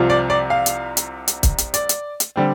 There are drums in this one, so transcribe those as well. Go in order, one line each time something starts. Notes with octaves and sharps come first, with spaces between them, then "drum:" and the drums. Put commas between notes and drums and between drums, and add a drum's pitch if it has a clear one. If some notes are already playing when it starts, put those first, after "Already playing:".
Already playing: C2 C3 F3 C4 F4
D5
D5
F5
drum: hi-hat
drum: hi-hat
drum: hi-hat
drum: kick, hi-hat
drum: hi-hat
D5, drum: hi-hat
drum: hi-hat
drum: hi-hat
D3 G3 C4